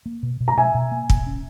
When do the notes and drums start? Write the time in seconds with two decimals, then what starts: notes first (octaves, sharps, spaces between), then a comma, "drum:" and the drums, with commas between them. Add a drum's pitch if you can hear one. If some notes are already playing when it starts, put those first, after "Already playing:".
0.06 A#3
0.23 B2
0.40 B2
0.48 A#5
0.57 B2 E5 G#5
0.75 B2
0.92 A#3
1.10 B2, drum: kick
1.27 C#4